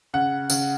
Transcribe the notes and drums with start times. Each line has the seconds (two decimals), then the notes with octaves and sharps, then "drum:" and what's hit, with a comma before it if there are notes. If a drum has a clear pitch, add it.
0.14 C#3 F#5
0.50 C#3, drum: tambourine